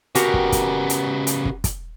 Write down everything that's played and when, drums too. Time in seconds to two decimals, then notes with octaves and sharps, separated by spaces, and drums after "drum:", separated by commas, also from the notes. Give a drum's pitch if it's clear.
0.15 C#3 B3 F#4 G4 A#4, drum: hi-hat
0.34 drum: kick
0.52 drum: kick, hi-hat
0.90 drum: hi-hat
1.27 drum: hi-hat
1.45 drum: kick
1.64 drum: kick, hi-hat